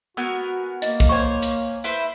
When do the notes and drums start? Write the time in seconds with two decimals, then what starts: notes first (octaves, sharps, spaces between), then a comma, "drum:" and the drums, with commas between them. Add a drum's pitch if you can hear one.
0.17 B3 F#4 A#4 G#5 E6
0.82 A#3 D#5, drum: hi-hat
1.00 drum: kick
1.09 C5 C#5 G#5 C#6
1.42 drum: hi-hat
1.84 E4 B4 C5